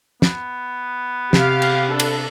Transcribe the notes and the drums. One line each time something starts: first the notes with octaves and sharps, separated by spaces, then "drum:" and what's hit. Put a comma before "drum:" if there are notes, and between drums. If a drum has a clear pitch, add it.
B3, drum: snare
C3 G4 F5, drum: snare
drum: cymbal
D4 A4
drum: cymbal